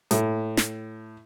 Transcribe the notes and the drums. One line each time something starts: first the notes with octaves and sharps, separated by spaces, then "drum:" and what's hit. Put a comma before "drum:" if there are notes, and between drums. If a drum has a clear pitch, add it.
A2, drum: hi-hat
drum: snare